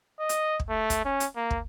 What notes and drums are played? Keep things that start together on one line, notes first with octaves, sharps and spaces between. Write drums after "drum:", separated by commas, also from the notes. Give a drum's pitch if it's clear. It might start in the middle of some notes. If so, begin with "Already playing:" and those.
D#5
drum: hi-hat
drum: kick
A3
drum: kick, hi-hat
C#4
drum: hi-hat
A#3
drum: kick